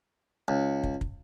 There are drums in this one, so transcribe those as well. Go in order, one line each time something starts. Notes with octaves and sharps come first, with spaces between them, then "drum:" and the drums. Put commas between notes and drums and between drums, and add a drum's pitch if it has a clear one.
C#2
drum: kick
drum: kick